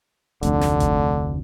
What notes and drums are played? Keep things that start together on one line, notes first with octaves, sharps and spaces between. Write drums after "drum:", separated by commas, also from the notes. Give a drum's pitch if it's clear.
F1 D2 D3, drum: hi-hat
drum: snare
drum: kick G1, hi-hat